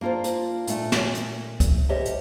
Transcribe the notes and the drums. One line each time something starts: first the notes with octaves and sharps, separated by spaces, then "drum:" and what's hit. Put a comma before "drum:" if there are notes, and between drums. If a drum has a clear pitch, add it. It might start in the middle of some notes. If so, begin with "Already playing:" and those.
A#3 D4 F4 A#4 C5
drum: hi-hat
A#2 A3, drum: hi-hat
drum: snare
drum: hi-hat
drum: kick C#2, hi-hat
D2 G4 C#5 D#5 E5
drum: hi-hat